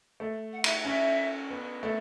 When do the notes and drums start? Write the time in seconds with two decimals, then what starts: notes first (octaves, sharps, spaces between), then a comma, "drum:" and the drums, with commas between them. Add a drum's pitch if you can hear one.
0.20 A3
0.53 F#5
0.64 E5, drum: cymbal
0.85 C#4 E5
1.50 B3
1.83 A3